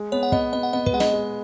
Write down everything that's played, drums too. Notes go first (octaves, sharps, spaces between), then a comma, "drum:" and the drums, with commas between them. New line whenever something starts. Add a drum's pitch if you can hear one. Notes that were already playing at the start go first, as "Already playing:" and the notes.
Already playing: G#3
B3 C#5
F#5
B3 D#5, drum: kick
B3 D#5
F#5
B3 D#5
B4, drum: kick
G#3 F#5
D#5, drum: snare
G#3